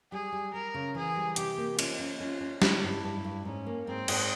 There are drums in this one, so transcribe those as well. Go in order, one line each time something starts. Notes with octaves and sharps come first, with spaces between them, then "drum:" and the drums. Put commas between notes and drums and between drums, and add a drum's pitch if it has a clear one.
G3 G#4
G3
G3 A#4
C#3
E3 G#4
G3
C3 G4, drum: hi-hat
A#3
C#4 F4, drum: cymbal
C#4
C#4 F4
C#4
G3 E4, drum: snare
G2
G2
G2
G#2 C#4
A#3
G#2 C4
G#2, drum: cymbal